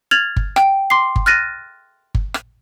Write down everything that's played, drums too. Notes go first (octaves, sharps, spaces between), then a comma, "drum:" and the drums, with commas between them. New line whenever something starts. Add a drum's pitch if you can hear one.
F6 G#6 A6 F7 F#7
drum: kick G1
G5, drum: rim click
C6 D6 C7
drum: kick G1
F6 F#6 A6 A#6 D#7
drum: kick G1
drum: rim click